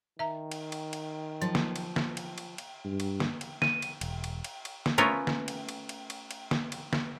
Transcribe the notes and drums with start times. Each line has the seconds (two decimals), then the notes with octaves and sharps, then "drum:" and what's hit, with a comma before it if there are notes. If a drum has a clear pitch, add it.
0.19 D#3 E5 A#5
0.52 drum: cymbal
0.72 drum: cymbal
0.93 drum: cymbal
1.42 F3 F#3
1.55 drum: snare
1.76 drum: cymbal
1.96 drum: snare
2.17 drum: cymbal
2.38 drum: cymbal
2.58 drum: cymbal
2.85 G2
3.00 drum: cymbal
3.20 drum: snare
3.41 drum: cymbal
3.62 D#7, drum: snare
3.82 drum: cymbal
4.01 E1, drum: cymbal
4.24 drum: cymbal
4.44 drum: cymbal
4.65 drum: cymbal
4.86 drum: snare
4.98 A3 B3 C#4 F4 A#4
5.27 drum: snare
5.48 drum: cymbal
5.69 drum: cymbal
5.89 drum: cymbal
6.10 drum: cymbal
6.31 drum: cymbal
6.51 drum: snare
6.72 drum: cymbal
6.93 drum: snare